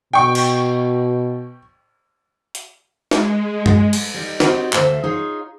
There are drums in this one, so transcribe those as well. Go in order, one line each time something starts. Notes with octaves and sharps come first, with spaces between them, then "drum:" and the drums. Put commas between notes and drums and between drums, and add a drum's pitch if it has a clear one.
B2 G5 C#6
drum: cymbal
drum: hi-hat
G#3, drum: snare
drum: tom G2
drum: cymbal
G3 D#4
C4 D#4 F#4 G4 B4 C#5, drum: snare
D2 A4 C5 E5 F5, drum: clap
D#4 F4 G#4 C#5